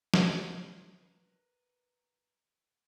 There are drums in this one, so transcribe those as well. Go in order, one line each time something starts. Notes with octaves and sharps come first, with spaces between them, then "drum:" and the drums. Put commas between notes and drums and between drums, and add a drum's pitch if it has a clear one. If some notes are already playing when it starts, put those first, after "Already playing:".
drum: snare
A#4 B4